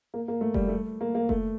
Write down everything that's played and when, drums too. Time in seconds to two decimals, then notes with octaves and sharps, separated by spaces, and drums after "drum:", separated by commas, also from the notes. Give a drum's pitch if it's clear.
0.14 A#3
0.28 A#3
0.41 A3
0.54 G3, drum: kick F1
0.68 A3
1.01 A#3
1.15 A#3
1.29 A3, drum: kick F1